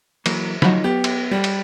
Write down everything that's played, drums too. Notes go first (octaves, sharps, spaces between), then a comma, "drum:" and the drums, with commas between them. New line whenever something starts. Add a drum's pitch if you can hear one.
E3 F#3 A#3, drum: cymbal
F3 F#3 D#4 B5, drum: snare
B3 G4
drum: cymbal
G3
drum: cymbal